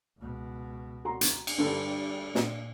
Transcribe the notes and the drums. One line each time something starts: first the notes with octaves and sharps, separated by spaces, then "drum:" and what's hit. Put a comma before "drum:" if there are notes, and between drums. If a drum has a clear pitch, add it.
C#2 B2
F#4 A#5 C6
drum: hi-hat
drum: cymbal
G2 D3 G3 A4
A#2, drum: snare